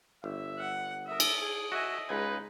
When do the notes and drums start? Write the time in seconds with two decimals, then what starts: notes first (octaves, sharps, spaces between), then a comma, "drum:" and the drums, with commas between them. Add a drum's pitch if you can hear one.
0.24 G1 E5
0.59 F#5
1.07 A#4 E5 D#6
1.20 drum: cymbal
1.40 G#4
1.72 F#4 D#5 E5 G#5
2.09 C#2 G#3 D#4 B4 G#5